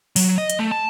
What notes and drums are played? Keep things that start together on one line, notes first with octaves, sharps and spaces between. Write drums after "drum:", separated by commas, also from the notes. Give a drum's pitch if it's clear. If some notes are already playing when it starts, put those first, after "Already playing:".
F#3, drum: open hi-hat
D#5
drum: hi-hat
A3
A5